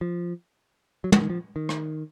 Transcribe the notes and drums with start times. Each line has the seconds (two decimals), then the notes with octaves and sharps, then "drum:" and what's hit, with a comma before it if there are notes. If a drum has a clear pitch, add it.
0.01 F3
1.04 F#3
1.12 F3, drum: tom
1.22 D#3
1.30 F3
1.56 D#3
1.69 drum: rim click